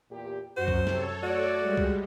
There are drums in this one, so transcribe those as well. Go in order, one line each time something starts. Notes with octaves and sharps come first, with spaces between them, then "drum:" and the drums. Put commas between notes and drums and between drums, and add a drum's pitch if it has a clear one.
E2 A#2 G4
F#2 F#4 C5
drum: kick C2
C3 A4 C#5, drum: snare
A3 F#4 D5
G3 G#3
drum: kick C2